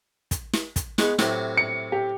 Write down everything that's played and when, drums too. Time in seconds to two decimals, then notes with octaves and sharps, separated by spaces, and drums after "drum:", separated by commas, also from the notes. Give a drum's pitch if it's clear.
0.31 drum: kick, hi-hat
0.53 drum: snare
0.76 drum: kick, hi-hat
0.98 G#3 B3 C#6, drum: snare
1.19 A2 C3 F#3, drum: snare
1.57 C#7
1.92 G4